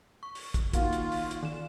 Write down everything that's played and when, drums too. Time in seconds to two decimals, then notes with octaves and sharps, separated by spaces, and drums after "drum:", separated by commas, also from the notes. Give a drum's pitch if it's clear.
0.23 C#6
0.35 drum: open hi-hat
0.54 drum: kick, hi-hat
0.73 D#3 A#3 F4 F#4, drum: kick, hi-hat
0.93 drum: hi-hat
1.12 drum: open hi-hat
1.31 drum: hi-hat
1.43 D#3 E7